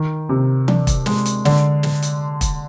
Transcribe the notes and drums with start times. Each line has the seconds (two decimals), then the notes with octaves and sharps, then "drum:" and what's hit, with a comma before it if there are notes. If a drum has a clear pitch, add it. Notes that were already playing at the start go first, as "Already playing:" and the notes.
Already playing: D#3
0.29 C3
0.68 D4, drum: tom E3
0.87 drum: kick E1, hi-hat
1.06 G#3, drum: snare
1.26 drum: hi-hat
1.45 D3, drum: snare
1.83 drum: snare
2.02 drum: hi-hat
2.41 drum: kick E1, hi-hat